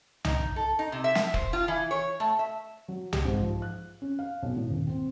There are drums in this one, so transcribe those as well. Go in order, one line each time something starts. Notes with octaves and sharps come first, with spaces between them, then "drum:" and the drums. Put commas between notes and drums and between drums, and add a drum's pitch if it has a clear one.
D#4, drum: tom B1
A4
D#4
C3
E5
drum: snare
C5, drum: kick
F4
E3
C#5
A3
E5
F#3
G4, drum: tom B1
G#2
F3
F#6
C#4
F5
B1
A2
D#1
C4